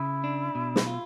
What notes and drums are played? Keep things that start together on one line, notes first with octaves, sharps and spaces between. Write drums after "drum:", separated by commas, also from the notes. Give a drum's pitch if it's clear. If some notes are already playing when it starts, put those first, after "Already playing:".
Already playing: C#3 E4
D4
B2
drum: snare
F4